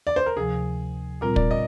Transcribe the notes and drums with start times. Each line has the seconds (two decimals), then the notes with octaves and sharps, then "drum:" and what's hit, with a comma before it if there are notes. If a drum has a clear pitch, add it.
0.07 D5
0.16 C5
0.26 A#4
0.36 D2 C3 F3 G#4
1.21 A#2 G3 C4 F4 A#4
1.36 D5, drum: kick
1.51 D#5